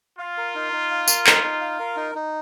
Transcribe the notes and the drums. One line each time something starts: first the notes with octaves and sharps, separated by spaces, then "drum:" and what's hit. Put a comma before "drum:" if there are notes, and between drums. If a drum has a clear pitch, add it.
F4 F5
A#4
D#4
D#4
F5
A#4, drum: tambourine
D#4, drum: clap
D#4
F5
A#4
D#4
D#4